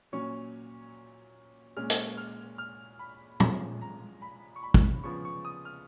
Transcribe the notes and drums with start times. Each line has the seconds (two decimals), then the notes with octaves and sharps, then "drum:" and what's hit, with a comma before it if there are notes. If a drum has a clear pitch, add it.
0.12 A#2 F#3 C#4 C#6
1.77 A#2 G#3 C#4 F6
1.90 drum: hi-hat
2.17 F6
2.58 F6
2.99 B5
3.40 F3 G#3 C#4, drum: tom
3.81 A#5
4.22 B5
4.56 C#6
4.63 B5
4.74 drum: kick
5.03 C#3 F3 B3 C#6
5.25 C#6
5.45 D#6
5.65 F6